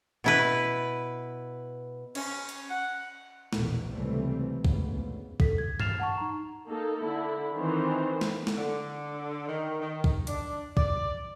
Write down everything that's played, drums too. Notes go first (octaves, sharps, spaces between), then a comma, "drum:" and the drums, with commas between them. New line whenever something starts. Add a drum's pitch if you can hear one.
B2 E4 B4
C#4, drum: cymbal
drum: hi-hat
F#5
A#1 E2 B2, drum: snare
C#2 C3 E3 G3 A3 C4
D2 G#2 C#3 B3, drum: kick B1
A4 B6, drum: kick B1
G#6
F6 A6 C7 E7 F7, drum: tom G2
F#5 A5 C#6
D#4 A#5
A#3 D#4 A4
D3 E4
D#3 E3 C4 C5
drum: snare
drum: snare
D3
D#3
D#3
drum: kick B1
D4, drum: hi-hat
D5, drum: kick B1